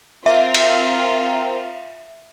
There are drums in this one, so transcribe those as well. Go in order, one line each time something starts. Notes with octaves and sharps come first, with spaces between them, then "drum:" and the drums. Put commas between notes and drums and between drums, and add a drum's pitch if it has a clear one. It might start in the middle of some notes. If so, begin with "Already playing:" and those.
C4 F4 A#4 E5
drum: cymbal